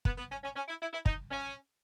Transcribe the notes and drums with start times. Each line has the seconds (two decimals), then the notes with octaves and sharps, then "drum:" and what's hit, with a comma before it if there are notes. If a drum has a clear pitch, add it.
0.05 B3, drum: kick
0.17 B3
0.30 C#4
0.43 C#4
0.55 C#4
0.67 E4
0.81 E4
0.92 E4
1.06 D#4, drum: kick
1.31 C#4